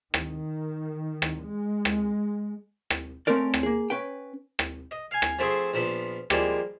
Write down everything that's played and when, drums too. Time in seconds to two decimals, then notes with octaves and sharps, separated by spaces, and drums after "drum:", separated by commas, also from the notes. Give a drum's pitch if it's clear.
0.14 D#3, drum: rim click
1.22 drum: rim click
1.43 G#3
1.85 drum: rim click
2.90 drum: rim click
3.27 A3 C4 C#4 A#4 D5
3.54 drum: rim click
3.63 A#3 G#4
3.90 C#4 B4 G5
4.59 drum: rim click
4.91 D#5
5.11 F5 G#5
5.22 drum: rim click
5.39 F3 A3 C4 G#4
5.74 A#1 F3 B3 B5
6.30 F3 G3 G#3 A#3, drum: rim click